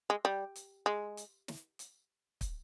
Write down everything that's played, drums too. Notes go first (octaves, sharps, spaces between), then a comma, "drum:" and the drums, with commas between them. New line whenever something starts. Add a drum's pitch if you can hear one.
G#3
G3
drum: hi-hat
G#3
drum: hi-hat
drum: snare
drum: hi-hat
drum: kick, hi-hat